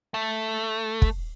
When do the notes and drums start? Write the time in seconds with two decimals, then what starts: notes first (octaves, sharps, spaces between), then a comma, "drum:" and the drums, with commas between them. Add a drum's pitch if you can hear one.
0.14 A3
1.02 drum: kick